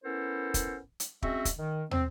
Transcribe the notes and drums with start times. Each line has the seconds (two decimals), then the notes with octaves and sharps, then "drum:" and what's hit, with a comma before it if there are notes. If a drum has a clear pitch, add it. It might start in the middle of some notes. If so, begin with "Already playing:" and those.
0.04 B3 C#4 E4 A4 A#4 C5
0.54 drum: kick, hi-hat
1.00 drum: hi-hat
1.22 G#3 C4 C#4 F#4 D#5 E5, drum: kick
1.45 drum: kick, hi-hat
1.57 D#3
1.91 C4, drum: tom